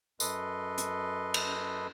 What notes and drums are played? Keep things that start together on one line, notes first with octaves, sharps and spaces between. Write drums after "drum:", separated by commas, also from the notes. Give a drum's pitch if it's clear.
F#2 A4 B4 D#5 C6, drum: tambourine
drum: hi-hat
drum: cymbal